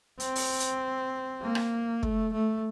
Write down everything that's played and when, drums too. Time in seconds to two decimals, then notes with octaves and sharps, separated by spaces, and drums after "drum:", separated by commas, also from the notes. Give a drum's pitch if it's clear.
0.20 C4, drum: hi-hat
0.35 drum: open hi-hat
0.60 drum: hi-hat
1.42 A#3
1.55 drum: rim click
2.03 A3, drum: kick
2.33 A3